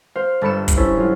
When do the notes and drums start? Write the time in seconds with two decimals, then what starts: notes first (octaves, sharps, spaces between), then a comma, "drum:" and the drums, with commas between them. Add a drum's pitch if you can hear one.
0.16 C5 F5
0.41 G1 A4 B5 C#7 E7
0.68 drum: kick, hi-hat
0.77 C#4 E4 A4 C5
0.97 F#3 F4